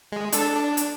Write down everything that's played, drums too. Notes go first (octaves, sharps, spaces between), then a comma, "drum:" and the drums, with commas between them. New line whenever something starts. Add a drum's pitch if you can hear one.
G#3
D4 A4, drum: hi-hat
D4
drum: hi-hat